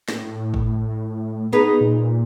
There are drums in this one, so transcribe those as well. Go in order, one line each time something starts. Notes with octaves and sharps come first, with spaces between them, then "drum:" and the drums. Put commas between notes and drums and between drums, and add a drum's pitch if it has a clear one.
A2, drum: snare
drum: kick
B3 D#4 G#4 B4
A#2